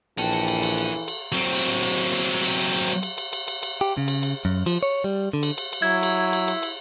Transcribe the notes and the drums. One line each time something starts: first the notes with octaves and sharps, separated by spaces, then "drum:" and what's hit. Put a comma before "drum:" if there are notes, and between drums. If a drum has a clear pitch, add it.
A#1 E3 C#4 F#4 A4 G5, drum: cymbal
drum: cymbal
drum: cymbal
drum: cymbal
drum: cymbal
drum: cymbal
F#3 C4
drum: cymbal
drum: cymbal
drum: cymbal
drum: cymbal
drum: cymbal
drum: cymbal
drum: cymbal
drum: cymbal
drum: cymbal
drum: cymbal
drum: cymbal
drum: cymbal
drum: cymbal
drum: cymbal
G4
C#3
drum: cymbal
drum: cymbal
F#2
F3, drum: cymbal
C#5
G3
D3
drum: cymbal
drum: cymbal
drum: cymbal
F#3 E4 G#6
drum: cymbal
drum: cymbal
drum: cymbal
drum: cymbal